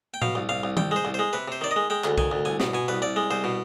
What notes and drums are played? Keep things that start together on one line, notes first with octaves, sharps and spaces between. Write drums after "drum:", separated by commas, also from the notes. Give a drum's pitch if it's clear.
G5
B2 F5, drum: tom A2
C2
C2 F5
C2
C2 G5, drum: tom D#3
G#3 C5
C2
G#3 C5
C3 B4
C3 C5
D#3 D5
D#5
G#3
G#3 G5
D2, drum: clap
D#3 G#5, drum: kick
D2
C2 G#5
B2, drum: snare
B2 G#5
C2 B4
C2 D5
G#3
C2 C5
B2